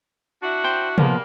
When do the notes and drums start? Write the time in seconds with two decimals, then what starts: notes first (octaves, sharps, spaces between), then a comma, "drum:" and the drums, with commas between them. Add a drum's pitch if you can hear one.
0.43 D4 E4 F#4
0.64 C5 G5
0.98 A#2 C#3 F3 G3 A#3 B3, drum: tom C3